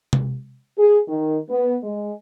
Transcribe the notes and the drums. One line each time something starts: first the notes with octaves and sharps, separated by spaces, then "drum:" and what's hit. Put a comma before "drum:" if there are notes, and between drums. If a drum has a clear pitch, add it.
drum: tom C3
G#4
D#3
B3
G#3